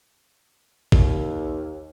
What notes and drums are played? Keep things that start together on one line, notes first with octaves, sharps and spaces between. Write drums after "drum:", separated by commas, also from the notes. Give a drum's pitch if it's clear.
D#2, drum: kick